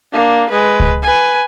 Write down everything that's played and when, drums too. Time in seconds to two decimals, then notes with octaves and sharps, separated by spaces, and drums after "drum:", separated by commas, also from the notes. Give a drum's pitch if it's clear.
0.12 A#3 D4
0.50 G#3 B4
0.80 drum: kick C#2
1.02 B4 G#5